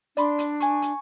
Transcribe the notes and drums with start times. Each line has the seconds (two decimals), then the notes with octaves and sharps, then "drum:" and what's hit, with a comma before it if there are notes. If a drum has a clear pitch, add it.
0.17 D4 D5 B5 C6, drum: hi-hat
0.39 drum: hi-hat
0.60 G#5 C#6, drum: hi-hat
0.82 drum: hi-hat